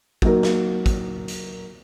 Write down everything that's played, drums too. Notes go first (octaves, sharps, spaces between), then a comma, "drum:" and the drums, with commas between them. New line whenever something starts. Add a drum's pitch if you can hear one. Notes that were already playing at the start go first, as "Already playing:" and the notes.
F#3 A#3 D#4 A#4, drum: kick
drum: snare
drum: kick, hi-hat
drum: hi-hat